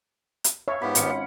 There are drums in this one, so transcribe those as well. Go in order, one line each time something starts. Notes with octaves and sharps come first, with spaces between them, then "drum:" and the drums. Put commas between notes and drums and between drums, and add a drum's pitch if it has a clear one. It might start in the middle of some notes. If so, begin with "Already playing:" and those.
drum: hi-hat
C#5 E5 F5
G#2 B3 F4 G4 B5
G#1 C#4 F5 C#7, drum: hi-hat
F#5 B5